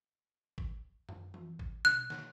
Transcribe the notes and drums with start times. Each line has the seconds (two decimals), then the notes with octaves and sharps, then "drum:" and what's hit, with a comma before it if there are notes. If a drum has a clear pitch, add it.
0.58 drum: kick
1.09 drum: tom F#2
1.34 drum: tom E3
1.59 drum: kick
1.85 F#6, drum: tom B2
2.10 drum: snare